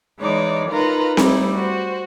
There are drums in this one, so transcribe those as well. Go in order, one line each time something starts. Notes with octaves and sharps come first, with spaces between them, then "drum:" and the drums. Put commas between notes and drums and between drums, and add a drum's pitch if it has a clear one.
E3 G#3 D#4 C#5 D5
D#4 F4 A#4 B4 A#5
G3 A3 D#4 E4, drum: snare C4
F#4 C5